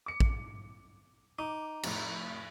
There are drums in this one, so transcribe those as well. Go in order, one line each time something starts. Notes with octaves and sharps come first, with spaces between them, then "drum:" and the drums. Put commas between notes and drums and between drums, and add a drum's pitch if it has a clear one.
D6 C#7
drum: kick
D#4 D6
F1 A2, drum: cymbal